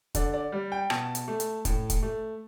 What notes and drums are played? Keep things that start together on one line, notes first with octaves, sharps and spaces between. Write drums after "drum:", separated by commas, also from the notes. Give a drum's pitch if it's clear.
D3 D5, drum: kick, hi-hat
D5
G3
G5
B2 A5, drum: rim click
drum: hi-hat
A3
drum: hi-hat
A2, drum: kick, hi-hat
drum: kick, hi-hat
A3